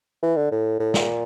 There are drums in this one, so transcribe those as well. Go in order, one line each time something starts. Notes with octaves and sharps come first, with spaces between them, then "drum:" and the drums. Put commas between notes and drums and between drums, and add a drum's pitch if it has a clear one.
E3
D3
A2
A2
A#2, drum: snare